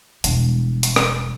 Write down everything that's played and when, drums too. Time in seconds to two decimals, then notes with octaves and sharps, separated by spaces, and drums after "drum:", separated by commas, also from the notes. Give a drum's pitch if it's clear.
0.24 E1 G3, drum: hi-hat
0.83 drum: hi-hat
0.96 drum: rim click